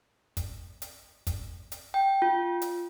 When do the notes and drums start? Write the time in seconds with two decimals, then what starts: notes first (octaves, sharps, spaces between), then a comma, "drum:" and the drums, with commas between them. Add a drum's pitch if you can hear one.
0.37 drum: kick, hi-hat
0.82 drum: hi-hat
1.27 drum: kick, hi-hat
1.72 drum: hi-hat
1.94 G5
2.22 F4
2.62 drum: hi-hat